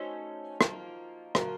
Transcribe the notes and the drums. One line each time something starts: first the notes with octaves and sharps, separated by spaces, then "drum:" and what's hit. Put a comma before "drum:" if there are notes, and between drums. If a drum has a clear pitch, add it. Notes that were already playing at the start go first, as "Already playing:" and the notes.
Already playing: A3 C#4 D#4 F#4 A4 C5
F3 A#3 F4, drum: rim click
F3 A#3 F4 F#4 A#4, drum: rim click